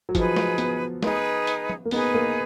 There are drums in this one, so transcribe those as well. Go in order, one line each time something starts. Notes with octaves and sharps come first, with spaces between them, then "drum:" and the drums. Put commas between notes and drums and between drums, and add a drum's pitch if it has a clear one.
F#3
F3 D#4 G#4 B4, drum: kick G1, hi-hat
drum: snare
B3, drum: hi-hat
D#4 G#4 B4, drum: snare
drum: hi-hat
drum: tom F3
A#3
B3 D#4 G#4 B4, drum: open hi-hat
A#3